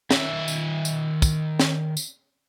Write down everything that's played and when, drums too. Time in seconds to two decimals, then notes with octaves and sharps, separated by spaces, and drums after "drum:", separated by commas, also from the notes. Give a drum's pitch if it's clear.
0.11 D#3 E5, drum: snare
0.48 drum: tambourine
0.85 drum: tambourine
1.22 drum: kick, tambourine
1.59 drum: snare
1.97 drum: tambourine